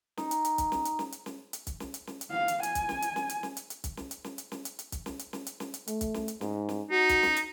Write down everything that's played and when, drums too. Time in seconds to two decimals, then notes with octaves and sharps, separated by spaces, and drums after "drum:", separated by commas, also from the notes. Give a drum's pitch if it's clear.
0.17 D#4, drum: snare
0.31 drum: hi-hat
0.45 drum: hi-hat
0.58 drum: kick, hi-hat
0.72 drum: snare
0.85 drum: hi-hat
0.99 drum: snare
1.12 drum: hi-hat
1.26 drum: snare
1.53 drum: hi-hat
1.67 drum: kick, hi-hat
1.80 drum: snare
1.94 drum: hi-hat
2.07 drum: snare
2.21 drum: hi-hat
2.31 F5
2.48 drum: hi-hat
2.63 G#5, drum: hi-hat
2.75 drum: kick, hi-hat
2.89 drum: snare
3.02 drum: hi-hat
3.16 drum: snare
3.29 drum: hi-hat
3.43 drum: snare
3.57 drum: hi-hat
3.70 drum: hi-hat
3.84 drum: kick, hi-hat
3.97 drum: snare
4.11 drum: hi-hat
4.24 drum: snare
4.38 drum: hi-hat
4.52 drum: snare
4.65 drum: hi-hat
4.79 drum: hi-hat
4.92 drum: kick, hi-hat
5.06 drum: snare
5.19 drum: hi-hat
5.33 drum: snare
5.47 drum: hi-hat
5.60 drum: snare
5.74 drum: hi-hat
5.87 A3, drum: hi-hat
6.01 drum: kick, hi-hat
6.14 drum: snare
6.28 drum: hi-hat
6.41 G#2, drum: snare
6.69 drum: snare
6.91 D#4 F#4
7.09 drum: kick, hi-hat
7.23 drum: snare
7.36 drum: hi-hat